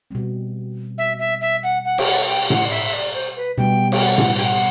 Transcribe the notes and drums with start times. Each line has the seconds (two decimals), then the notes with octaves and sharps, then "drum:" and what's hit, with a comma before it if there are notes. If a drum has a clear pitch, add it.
0.11 B2 G3 C4
0.98 E5
1.19 E5
1.41 E5
1.63 F#5
1.85 F#5
1.98 G5, drum: cymbal
2.06 F#5
2.27 G5
2.50 F#5, drum: tom A2
2.65 D5
2.71 E5
2.85 E5
2.93 D5
3.15 C5
3.37 B4
3.58 B2 G3 B3 G5
3.92 G5, drum: cymbal
4.02 F#5
4.18 drum: tom A2
4.38 G5, drum: hi-hat
4.45 F#5